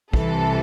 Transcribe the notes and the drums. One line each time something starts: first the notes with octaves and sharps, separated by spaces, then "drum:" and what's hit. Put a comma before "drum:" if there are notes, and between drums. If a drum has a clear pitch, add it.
C2 C3 E3 A4, drum: kick